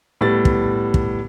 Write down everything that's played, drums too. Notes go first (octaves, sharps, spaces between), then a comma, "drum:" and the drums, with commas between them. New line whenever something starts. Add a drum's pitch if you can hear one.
A2 G3 B3 A6
drum: kick
drum: kick